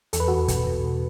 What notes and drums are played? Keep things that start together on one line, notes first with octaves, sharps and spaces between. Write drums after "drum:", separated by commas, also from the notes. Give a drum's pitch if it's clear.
E2 A4, drum: hi-hat
B4
E2 F#4 A4
B2, drum: kick, hi-hat
B2
E2